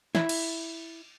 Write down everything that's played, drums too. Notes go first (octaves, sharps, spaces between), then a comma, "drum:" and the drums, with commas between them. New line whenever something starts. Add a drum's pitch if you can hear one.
E4, drum: snare
drum: cymbal